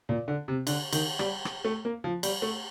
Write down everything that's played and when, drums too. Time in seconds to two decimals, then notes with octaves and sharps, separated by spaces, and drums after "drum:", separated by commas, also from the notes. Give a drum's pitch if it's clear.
0.09 A#2
0.28 D3
0.48 C3
0.67 D3, drum: cymbal
0.93 D#3, drum: cymbal
1.19 G3, drum: rim click
1.45 drum: rim click
1.65 A3
1.85 A#3
2.04 F3
2.23 G3, drum: cymbal
2.42 A3